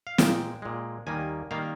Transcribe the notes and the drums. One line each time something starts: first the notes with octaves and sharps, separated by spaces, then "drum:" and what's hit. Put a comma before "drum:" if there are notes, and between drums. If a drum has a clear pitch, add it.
F5
A#2 G#3 G5, drum: snare
A#2 G#3
D#2 D#3 G3 A#3 G#5
D#3 G3 A#3 F5